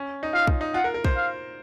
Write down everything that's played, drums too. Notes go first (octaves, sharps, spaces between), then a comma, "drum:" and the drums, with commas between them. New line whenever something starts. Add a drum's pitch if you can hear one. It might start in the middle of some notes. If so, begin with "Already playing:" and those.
Already playing: C#4
D#4
F4 F5
drum: kick
D#4
F4 F#5
A#4
A#4
C5, drum: kick
F5